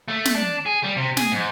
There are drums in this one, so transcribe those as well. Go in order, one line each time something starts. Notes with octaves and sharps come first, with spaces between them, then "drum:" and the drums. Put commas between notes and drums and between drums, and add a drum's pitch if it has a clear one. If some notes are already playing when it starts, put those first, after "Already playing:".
A3
drum: snare
D4
G#4
G3
C3
G#4, drum: snare
G#2